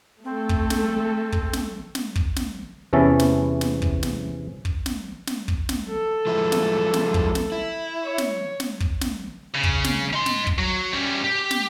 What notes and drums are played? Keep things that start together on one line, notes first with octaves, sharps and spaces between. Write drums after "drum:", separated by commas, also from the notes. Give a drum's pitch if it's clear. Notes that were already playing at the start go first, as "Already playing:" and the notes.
A3 C4 A4
drum: kick
drum: snare
drum: kick
drum: snare
drum: snare
drum: kick
drum: snare
E2 C3 E3 C#4 E5 A5
drum: snare
drum: snare
drum: kick
drum: snare
drum: kick
drum: snare
drum: snare
drum: kick
drum: snare
A4
F3 G#3 E4
drum: snare
drum: snare
drum: kick
drum: snare
E4
C#5
drum: snare
drum: snare
drum: kick
drum: snare
C#3
drum: kick
drum: snare
D#4 C6
drum: snare
drum: kick
F#3
G3 C#4
G4
drum: snare